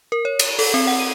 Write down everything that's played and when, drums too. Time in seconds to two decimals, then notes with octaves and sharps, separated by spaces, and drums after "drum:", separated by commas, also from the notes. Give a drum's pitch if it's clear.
0.12 A#4
0.25 C#5
0.39 D#7, drum: cymbal
0.59 A4, drum: open hi-hat
0.74 C4
0.87 F#5
1.00 D#7